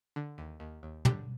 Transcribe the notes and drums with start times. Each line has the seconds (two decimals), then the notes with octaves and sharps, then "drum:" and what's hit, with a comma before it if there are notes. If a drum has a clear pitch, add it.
0.16 D3
0.38 D#2
0.60 D#2
0.83 D#2
1.05 D3 G4, drum: tom